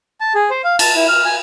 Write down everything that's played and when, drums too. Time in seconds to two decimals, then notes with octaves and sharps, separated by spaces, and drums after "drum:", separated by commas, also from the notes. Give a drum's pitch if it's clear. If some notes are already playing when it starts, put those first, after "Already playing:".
0.21 A5
0.35 G#4
0.50 C5
0.64 F5
0.79 A5, drum: cymbal
0.96 E4
1.08 F6
1.25 G#5